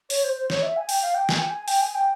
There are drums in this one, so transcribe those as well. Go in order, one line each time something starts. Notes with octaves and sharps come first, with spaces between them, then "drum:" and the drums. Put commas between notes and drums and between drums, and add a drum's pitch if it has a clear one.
C#5, drum: open hi-hat
C5
C5
C#5, drum: snare
E5
G#5
G5, drum: open hi-hat
F5
G5
G#5, drum: snare
G5
G#5
G5, drum: open hi-hat
G#5
G5